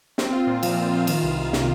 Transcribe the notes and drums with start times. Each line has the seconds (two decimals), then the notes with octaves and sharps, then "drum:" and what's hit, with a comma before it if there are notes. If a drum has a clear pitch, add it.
0.18 C4, drum: snare
0.33 F4
0.47 A#2
0.63 F3, drum: cymbal
0.77 C4
0.93 F4
1.07 D#3, drum: cymbal
1.23 C2
1.38 C2
1.53 C3, drum: snare